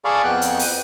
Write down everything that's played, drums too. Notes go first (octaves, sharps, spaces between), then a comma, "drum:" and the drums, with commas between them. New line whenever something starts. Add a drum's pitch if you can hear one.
G#4 A4 D5 F5 B5 C#6
F2 B3 G5 F#6
drum: hi-hat
drum: open hi-hat